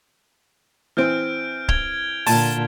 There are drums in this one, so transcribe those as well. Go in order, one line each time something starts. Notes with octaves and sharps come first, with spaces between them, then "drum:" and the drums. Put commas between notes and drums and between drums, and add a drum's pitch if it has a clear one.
E3 C4 F6 G6 D7
G#6 F7 G7, drum: kick
A#2 D3 A5, drum: open hi-hat